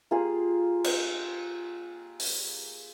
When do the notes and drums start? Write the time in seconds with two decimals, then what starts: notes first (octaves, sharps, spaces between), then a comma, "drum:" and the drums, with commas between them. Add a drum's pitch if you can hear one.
0.11 A#3 F4 G4 G#4
0.84 drum: cymbal
2.20 drum: open hi-hat